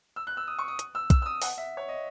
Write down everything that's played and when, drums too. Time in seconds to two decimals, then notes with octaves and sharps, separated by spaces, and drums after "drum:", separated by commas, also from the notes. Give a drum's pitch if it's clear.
0.16 E6
0.27 F#6
0.37 E6
0.47 D#6
0.59 C#6
0.68 D#6
0.79 drum: hi-hat
0.95 E6
1.10 E6, drum: kick, hi-hat
1.22 E6
1.26 D#6
1.42 F#5, drum: open hi-hat
1.58 E5
1.77 C#5
1.88 D#5